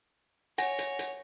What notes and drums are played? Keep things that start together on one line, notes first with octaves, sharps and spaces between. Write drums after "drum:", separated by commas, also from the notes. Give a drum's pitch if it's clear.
C#5 F#5 G#5 A#6, drum: hi-hat
drum: hi-hat
drum: hi-hat